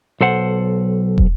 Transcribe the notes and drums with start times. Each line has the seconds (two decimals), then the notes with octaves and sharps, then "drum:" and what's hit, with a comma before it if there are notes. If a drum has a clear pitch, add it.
0.21 B1 A4 C5 F#5
1.18 drum: kick